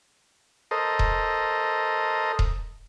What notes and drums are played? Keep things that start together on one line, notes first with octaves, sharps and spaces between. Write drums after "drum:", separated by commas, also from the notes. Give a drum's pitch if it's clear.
A4 A#4 C5 D#5
drum: kick D#1
drum: kick D#1